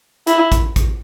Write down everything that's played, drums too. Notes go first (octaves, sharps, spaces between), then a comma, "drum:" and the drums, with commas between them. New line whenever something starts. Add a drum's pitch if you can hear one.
E4, drum: hi-hat
drum: kick A1, hi-hat
drum: kick A1, hi-hat